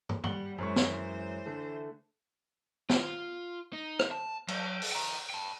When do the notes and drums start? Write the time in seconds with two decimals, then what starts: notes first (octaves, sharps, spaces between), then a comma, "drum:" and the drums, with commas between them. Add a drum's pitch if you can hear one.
0.09 drum: tom
0.24 G3 F#5 F#7 G7, drum: tom
0.58 F#2 E3 F#3 G#3 C5 C#5 C#6
0.76 drum: snare
1.45 D3 A3
2.90 F4, drum: snare
3.73 D#4
3.99 drum: rim click
4.11 A5
4.48 F#3, drum: cymbal
4.82 drum: open hi-hat
4.92 G5 A#5
5.30 G5 A5